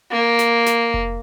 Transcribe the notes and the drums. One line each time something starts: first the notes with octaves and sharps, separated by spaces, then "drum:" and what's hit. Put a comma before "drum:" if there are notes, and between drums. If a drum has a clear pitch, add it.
A#3
drum: snare
drum: snare
drum: kick F1